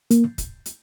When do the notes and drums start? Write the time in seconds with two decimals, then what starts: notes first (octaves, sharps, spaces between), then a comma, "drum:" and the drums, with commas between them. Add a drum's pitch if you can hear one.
0.11 A#3, drum: hi-hat
0.38 drum: kick, hi-hat
0.66 drum: hi-hat